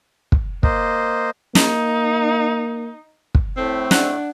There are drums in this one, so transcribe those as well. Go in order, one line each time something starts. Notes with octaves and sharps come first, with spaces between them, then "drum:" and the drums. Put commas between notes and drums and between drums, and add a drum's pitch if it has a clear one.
drum: kick
A#3 C5 D#5, drum: kick
A#3 D#4, drum: snare
drum: kick
A2 A3 C4
D4 F#5, drum: snare